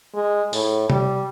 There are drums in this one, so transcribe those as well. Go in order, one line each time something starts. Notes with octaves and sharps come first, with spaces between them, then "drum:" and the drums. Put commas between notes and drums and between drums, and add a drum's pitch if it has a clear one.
G#3
A2, drum: open hi-hat
G3, drum: tom C3